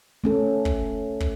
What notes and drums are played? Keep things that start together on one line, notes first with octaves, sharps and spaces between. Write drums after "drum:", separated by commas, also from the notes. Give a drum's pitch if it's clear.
A3 C#4 A4
drum: kick
drum: kick